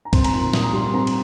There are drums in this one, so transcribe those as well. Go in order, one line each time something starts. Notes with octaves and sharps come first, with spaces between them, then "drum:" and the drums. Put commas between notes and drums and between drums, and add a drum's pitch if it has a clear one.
A#5
C4 C6, drum: kick, cymbal
A#5, drum: cymbal
A#2 C6
A#2 D#6, drum: snare
A#5
G3 C6
C6
C4 A#5
drum: cymbal